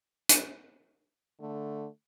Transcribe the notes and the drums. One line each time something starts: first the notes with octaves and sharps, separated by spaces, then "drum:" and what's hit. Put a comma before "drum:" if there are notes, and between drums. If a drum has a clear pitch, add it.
drum: hi-hat
D3 A3